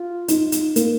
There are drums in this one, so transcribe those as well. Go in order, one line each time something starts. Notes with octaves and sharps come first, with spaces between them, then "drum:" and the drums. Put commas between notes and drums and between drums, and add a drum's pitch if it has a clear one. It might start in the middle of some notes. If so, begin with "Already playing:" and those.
Already playing: F4
D#4, drum: hi-hat
drum: hi-hat
A#3, drum: hi-hat